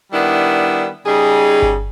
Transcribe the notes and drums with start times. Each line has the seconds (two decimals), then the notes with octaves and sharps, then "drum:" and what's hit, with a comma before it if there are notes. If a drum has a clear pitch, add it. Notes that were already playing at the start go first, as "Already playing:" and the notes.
0.12 D#3 G3 B3 D4 E4
1.06 C#3 G3 D#4 G#4
1.62 drum: kick G1